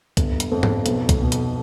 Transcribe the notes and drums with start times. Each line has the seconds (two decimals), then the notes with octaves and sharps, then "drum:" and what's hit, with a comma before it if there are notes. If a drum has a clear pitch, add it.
0.17 G1, drum: kick, hi-hat
0.40 drum: hi-hat
0.52 F2
0.63 drum: tom G#2
0.86 B1, drum: hi-hat
1.09 drum: kick, hi-hat
1.21 B2
1.32 drum: hi-hat